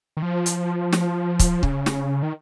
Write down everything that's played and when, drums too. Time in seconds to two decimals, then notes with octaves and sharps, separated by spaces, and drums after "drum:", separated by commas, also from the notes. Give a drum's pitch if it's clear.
0.17 D#3
0.22 F3
0.46 drum: hi-hat
0.93 drum: snare
1.39 drum: kick, hi-hat
1.63 C#3, drum: kick
1.86 drum: snare
2.23 D#3